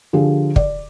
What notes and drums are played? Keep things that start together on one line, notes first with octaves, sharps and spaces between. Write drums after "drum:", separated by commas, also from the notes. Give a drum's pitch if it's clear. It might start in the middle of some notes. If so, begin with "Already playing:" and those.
D3 F3 G4 G#4
D5, drum: kick